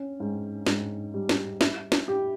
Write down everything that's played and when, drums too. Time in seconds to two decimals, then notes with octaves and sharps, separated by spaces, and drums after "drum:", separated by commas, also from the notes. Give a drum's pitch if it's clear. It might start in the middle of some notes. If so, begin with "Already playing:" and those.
Already playing: C#4
0.20 G#2
0.66 G#2, drum: snare
1.14 G3
1.29 drum: snare
1.61 E4, drum: snare
1.92 drum: snare
2.08 G4